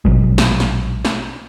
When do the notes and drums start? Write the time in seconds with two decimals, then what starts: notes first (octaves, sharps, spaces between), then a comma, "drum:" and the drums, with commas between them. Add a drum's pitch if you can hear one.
0.05 A#1 B2 F#3 G#3, drum: kick G#1
0.38 drum: snare
0.60 drum: snare
1.05 drum: snare